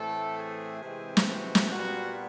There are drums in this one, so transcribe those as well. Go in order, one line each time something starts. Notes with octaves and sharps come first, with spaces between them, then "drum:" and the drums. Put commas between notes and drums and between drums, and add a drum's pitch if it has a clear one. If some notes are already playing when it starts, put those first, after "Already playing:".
Already playing: A2 E3 A3 C4 A4
G#4
C3 E3 G#3 C4
drum: snare
F#4
drum: snare
A#2 G3 B3 F#4